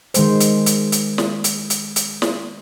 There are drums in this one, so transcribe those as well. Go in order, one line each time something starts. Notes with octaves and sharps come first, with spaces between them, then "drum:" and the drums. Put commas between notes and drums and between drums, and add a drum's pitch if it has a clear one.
D#3 G#3 C5, drum: hi-hat
drum: hi-hat
drum: hi-hat
drum: hi-hat
drum: snare
drum: hi-hat
drum: hi-hat
drum: hi-hat
drum: snare